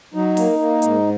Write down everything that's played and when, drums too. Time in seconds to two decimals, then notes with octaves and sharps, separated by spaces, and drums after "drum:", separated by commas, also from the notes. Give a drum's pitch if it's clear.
0.14 F#3 D#4
0.37 A#3, drum: open hi-hat
0.59 A#3
0.82 G#2, drum: hi-hat